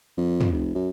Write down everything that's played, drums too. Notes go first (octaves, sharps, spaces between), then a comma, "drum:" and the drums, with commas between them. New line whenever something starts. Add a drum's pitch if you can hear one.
F2
drum: tom
F1
F#2